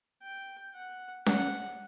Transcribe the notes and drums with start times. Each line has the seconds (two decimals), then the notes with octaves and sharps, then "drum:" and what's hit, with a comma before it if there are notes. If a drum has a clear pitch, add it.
0.23 G5
0.75 F#5
1.26 F#5, drum: snare C#4